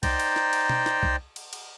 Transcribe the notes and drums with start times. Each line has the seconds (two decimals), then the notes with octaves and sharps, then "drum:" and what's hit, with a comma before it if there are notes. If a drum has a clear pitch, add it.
0.03 D#4 C5 D5 G5 A#5, drum: kick C2, cymbal
0.20 drum: cymbal
0.36 drum: snare
0.53 drum: cymbal
0.69 drum: tom B2
0.86 drum: snare
1.03 drum: kick C2
1.36 drum: cymbal
1.53 drum: cymbal